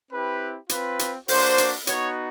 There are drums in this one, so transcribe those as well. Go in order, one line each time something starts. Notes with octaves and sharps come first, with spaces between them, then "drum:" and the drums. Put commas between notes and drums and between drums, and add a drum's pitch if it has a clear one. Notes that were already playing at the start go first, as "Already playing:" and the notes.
C4 E4 G4 B4
C4 F4 B4, drum: hi-hat
drum: hi-hat
A#3 D4 F#4 C5, drum: open hi-hat
drum: hi-hat
B3 D#4 F#4 C#5, drum: hi-hat